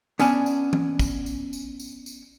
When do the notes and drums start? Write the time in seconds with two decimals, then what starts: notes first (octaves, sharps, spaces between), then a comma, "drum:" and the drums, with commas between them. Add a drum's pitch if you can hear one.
0.19 B3 C#4 D4 G#5 A5, drum: tambourine
0.46 drum: tambourine
0.73 drum: tom E3
0.99 drum: kick, tambourine
1.26 drum: tambourine
1.53 drum: tambourine
1.80 drum: tambourine
2.06 drum: tambourine